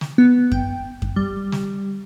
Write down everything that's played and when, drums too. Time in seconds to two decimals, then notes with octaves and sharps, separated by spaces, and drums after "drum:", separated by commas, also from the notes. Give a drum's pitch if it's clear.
0.01 drum: snare
0.18 B3
0.52 G5, drum: kick F#2
1.02 drum: kick F#2
1.16 G3
1.52 drum: snare